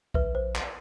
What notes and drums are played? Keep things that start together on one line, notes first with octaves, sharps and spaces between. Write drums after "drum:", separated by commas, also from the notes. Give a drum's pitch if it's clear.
A#1 B4 E5, drum: kick C#2
C5
drum: clap